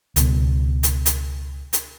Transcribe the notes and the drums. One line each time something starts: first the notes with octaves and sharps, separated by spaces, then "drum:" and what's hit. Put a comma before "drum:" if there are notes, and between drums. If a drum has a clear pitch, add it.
C#2 B2, drum: hi-hat
drum: hi-hat
drum: hi-hat
drum: hi-hat